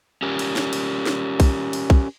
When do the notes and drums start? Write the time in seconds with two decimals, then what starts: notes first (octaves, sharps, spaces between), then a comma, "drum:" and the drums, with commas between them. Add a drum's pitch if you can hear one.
0.22 C#4 G4 A#4
0.39 drum: cymbal
0.56 drum: snare
0.73 drum: cymbal
1.06 drum: snare
1.40 drum: kick B1, cymbal
1.73 drum: cymbal
1.90 drum: kick B1